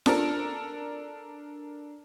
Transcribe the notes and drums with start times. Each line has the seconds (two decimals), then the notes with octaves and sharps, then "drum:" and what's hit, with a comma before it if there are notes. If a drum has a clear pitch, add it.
0.06 D4 A4 A#4, drum: snare F4